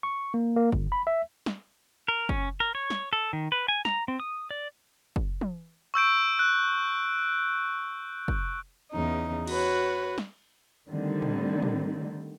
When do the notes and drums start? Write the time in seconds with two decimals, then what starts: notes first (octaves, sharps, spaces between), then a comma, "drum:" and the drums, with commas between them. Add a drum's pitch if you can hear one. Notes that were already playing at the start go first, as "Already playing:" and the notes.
0.03 C#6
0.34 A#3
0.56 A#3
0.72 G1, drum: kick
0.92 B5
1.07 E5
1.46 drum: snare
2.08 A#4
2.29 C#4, drum: kick
2.60 A#4
2.75 C#5
2.90 drum: snare
3.13 A4
3.33 D#3
3.52 B4
3.68 G#5
3.85 A#5, drum: snare
4.08 C4
4.20 D#6
4.51 D5
5.16 drum: kick
5.41 drum: tom
5.94 C#6 E6 G6 D7
6.39 F#6
8.28 drum: kick
8.92 E2 C#3 D#4
9.47 F#4 B4 C#5, drum: cymbal
10.18 drum: snare
10.89 D3 D#3 G3 A3 C4
11.22 drum: tom
11.62 drum: tom